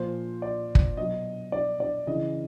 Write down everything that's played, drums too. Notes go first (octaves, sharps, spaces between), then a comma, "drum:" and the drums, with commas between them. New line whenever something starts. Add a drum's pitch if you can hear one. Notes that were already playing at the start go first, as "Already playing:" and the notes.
Already playing: A#2 F3 C5
D5
drum: kick
B2 F#3 D#5
D5
D5
C#3 E3 D#5